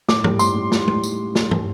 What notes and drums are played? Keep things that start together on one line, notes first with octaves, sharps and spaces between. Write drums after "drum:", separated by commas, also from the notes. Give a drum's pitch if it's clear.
A2 D6, drum: snare
G3, drum: tom
A2 C6, drum: tambourine
G3
A2, drum: snare
drum: tom G#3
drum: tambourine
drum: snare
drum: tom